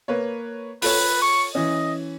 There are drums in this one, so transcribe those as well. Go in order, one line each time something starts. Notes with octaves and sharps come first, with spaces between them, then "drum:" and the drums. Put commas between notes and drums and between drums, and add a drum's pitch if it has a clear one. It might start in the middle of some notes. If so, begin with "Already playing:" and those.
A#3 B4 C#5
F4 A4 B4 C#5, drum: open hi-hat
C#6
E3 C#4 D#5